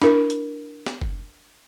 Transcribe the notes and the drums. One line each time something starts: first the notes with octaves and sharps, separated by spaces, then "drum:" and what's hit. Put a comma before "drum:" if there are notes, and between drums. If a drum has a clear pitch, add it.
D4 E4 A#4, drum: snare
drum: hi-hat
drum: snare
drum: kick F#1